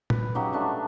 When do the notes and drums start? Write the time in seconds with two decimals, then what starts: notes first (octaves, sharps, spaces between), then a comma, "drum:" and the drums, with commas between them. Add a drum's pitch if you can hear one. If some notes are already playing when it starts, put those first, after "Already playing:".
0.10 B4, drum: tom A#2
0.35 C#3 F#3 D#4 G4
0.53 G3 A3 D4